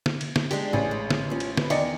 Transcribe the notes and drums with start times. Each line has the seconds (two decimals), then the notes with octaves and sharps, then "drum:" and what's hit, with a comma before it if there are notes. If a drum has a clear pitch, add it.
0.06 drum: snare
0.21 drum: cymbal
0.36 drum: snare
0.51 G#3 D4 G4, drum: cymbal
0.73 A1 G#4
0.91 G#3
1.10 drum: snare
1.30 F3 C#4
1.40 drum: cymbal
1.57 B4, drum: snare
1.70 E2 D#3 D5 D#5 C#7, drum: cymbal